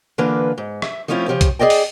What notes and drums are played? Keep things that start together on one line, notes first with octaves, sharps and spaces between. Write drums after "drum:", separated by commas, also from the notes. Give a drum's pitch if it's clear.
D3 E3 A#3 F4 B4 D5
G#2
E5, drum: rim click
F3 A3 C4 C#4 E4 F4
C#3 F3 G4 C#5
drum: kick B1, hi-hat
G#4 A4 D5 D#5 G5
drum: open hi-hat